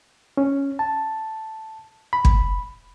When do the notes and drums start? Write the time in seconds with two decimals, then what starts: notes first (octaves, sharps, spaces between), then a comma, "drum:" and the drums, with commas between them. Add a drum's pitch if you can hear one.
0.37 C#4
0.79 A5
2.13 B5
2.25 drum: kick